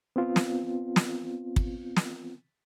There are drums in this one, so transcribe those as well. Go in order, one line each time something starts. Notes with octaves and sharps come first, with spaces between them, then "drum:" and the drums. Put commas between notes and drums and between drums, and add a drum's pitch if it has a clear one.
B3 C4 F4
drum: snare
drum: snare
drum: kick
drum: snare